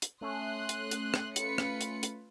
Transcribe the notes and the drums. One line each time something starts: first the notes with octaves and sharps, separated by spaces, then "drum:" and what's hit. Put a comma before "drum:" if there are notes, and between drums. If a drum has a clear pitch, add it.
drum: hi-hat
A3 C#4 C6 D#6 F#6
drum: hi-hat
drum: hi-hat
drum: rim click
F4 B4 C#7, drum: hi-hat
drum: rim click
drum: hi-hat
drum: hi-hat